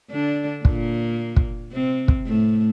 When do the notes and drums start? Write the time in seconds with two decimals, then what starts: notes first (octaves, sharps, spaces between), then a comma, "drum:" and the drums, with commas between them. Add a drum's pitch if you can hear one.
0.11 D3 D4
0.65 A#2 A#3, drum: kick
1.36 drum: kick
1.73 C3 C4
2.08 drum: kick
2.27 A2 A3